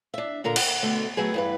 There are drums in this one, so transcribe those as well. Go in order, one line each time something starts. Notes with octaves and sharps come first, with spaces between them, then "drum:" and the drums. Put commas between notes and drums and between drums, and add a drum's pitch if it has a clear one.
D4 E5
A#2 D3 A#4 A#5
F#5, drum: cymbal
B2 D3 A3
F#3 A3 B3 G#4
E2 G2 B4